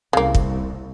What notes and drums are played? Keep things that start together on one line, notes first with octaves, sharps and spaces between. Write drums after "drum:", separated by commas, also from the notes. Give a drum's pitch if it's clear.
C2 C#3 A#3
drum: kick